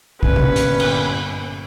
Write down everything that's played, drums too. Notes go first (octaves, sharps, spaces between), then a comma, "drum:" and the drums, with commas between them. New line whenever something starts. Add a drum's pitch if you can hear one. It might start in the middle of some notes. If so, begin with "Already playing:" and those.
G1 A#2 C#4 B4, drum: kick
drum: tom C3
drum: hi-hat
drum: cymbal